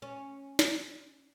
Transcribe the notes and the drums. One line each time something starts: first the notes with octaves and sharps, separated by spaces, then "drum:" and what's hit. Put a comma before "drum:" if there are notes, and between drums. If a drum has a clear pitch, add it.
C#4
drum: snare